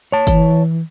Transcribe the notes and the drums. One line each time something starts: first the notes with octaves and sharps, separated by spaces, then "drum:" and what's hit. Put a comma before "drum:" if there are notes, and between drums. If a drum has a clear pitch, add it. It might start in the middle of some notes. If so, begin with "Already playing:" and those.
C#5 A5
E3, drum: kick, hi-hat